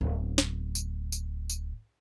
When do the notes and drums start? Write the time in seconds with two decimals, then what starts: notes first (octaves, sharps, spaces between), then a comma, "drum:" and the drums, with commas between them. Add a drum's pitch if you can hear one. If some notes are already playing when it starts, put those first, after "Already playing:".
0.01 D1 B3
0.38 drum: snare
0.75 drum: tambourine
1.12 drum: tambourine
1.50 drum: tambourine